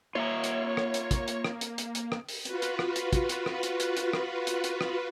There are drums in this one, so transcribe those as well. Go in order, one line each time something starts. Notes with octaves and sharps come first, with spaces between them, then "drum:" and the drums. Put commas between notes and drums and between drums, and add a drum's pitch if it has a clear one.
A#3 F4 C#5 E5 A#5
drum: hi-hat
drum: rim click
drum: hi-hat
drum: kick, hi-hat
drum: hi-hat
drum: rim click
drum: hi-hat
drum: hi-hat
drum: hi-hat
drum: rim click
drum: open hi-hat
F4 F#4 B4, drum: hi-hat
drum: hi-hat
drum: rim click
drum: hi-hat
drum: kick, hi-hat
drum: hi-hat
drum: rim click
drum: hi-hat
drum: hi-hat
drum: hi-hat
drum: rim click
drum: hi-hat
drum: hi-hat
drum: rim click